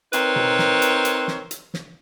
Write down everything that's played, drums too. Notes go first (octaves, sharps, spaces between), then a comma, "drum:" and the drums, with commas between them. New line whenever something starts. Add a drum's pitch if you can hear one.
C4 D#4 A#4 B4 C#5, drum: hi-hat
drum: tom B2
drum: snare
drum: hi-hat
drum: hi-hat
drum: snare
drum: hi-hat
drum: snare